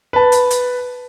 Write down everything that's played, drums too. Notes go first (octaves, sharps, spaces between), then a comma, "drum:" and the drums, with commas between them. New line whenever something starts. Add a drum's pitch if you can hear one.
B4 A5
drum: hi-hat
drum: hi-hat